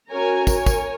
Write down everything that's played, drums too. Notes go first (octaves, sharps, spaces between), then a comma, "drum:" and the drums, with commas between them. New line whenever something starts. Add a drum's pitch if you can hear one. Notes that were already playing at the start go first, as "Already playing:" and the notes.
C#4 F#4 A#4 C#5 G#5 A#5
A#4 C#5 G#5, drum: kick, tambourine
drum: kick, tambourine